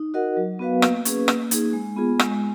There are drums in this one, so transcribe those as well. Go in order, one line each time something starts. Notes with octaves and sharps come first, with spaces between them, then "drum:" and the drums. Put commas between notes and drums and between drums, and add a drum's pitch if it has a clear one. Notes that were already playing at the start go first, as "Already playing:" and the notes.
Already playing: D#4
F#4 A#4 D#5 F#5
F#3
B3 F#4 B4 F5
A#3, drum: rim click
C#4 G#4 B4, drum: hi-hat
A#3, drum: rim click
D#4 G#4, drum: hi-hat
G#3
B3 F4 G#4
G#3, drum: rim click